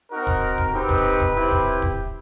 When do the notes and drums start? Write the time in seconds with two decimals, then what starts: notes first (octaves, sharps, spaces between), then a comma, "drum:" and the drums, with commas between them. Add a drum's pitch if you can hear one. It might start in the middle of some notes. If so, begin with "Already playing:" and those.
0.11 C4 D#4 F#4 A#4
0.27 drum: kick D1
0.58 drum: kick D1
0.73 C4 D#4 G4 B4
0.89 drum: kick D1
1.20 drum: kick D1
1.36 C4 E4 G4
1.51 drum: kick D1
1.82 drum: kick D1